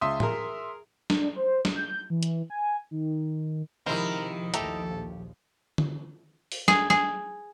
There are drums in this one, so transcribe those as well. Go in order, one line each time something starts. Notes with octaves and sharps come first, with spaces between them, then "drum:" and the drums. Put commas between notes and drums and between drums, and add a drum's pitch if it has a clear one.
C#2 E5 C6 D#6
G#4 A#4, drum: tom
D4, drum: snare
C5
drum: snare
G6
E3
drum: hi-hat
G#5
D#3
C3 D#3 F3 G#3 E4 A#4 C5
A#1 D#2 F3 A3 G4 A4 A#5, drum: hi-hat
drum: tom D3
drum: open hi-hat
G#4, drum: snare
G#4, drum: snare